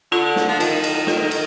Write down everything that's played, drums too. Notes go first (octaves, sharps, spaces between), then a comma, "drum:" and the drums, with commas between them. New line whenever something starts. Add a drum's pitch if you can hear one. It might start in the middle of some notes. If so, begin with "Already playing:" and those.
D3 F4 A4
drum: snare
F3
D#3, drum: cymbal
drum: cymbal
F4 A4, drum: snare
drum: cymbal